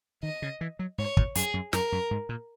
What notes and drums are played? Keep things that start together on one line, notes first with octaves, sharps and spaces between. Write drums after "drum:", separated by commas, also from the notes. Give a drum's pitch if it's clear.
D#3 D#5
C#3
E3
F#3
G#2 C#5
A#2, drum: kick
F#2 G#4, drum: hi-hat
F#2
F#2 A#4, drum: snare
F#2
G#2
A#2